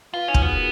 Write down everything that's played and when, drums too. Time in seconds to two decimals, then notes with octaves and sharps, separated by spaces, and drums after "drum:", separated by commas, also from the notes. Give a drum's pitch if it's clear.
0.14 F4 B4
0.28 C#4 D#4
0.34 F4, drum: kick
0.42 B3 F#4
0.48 G#4
0.56 A#4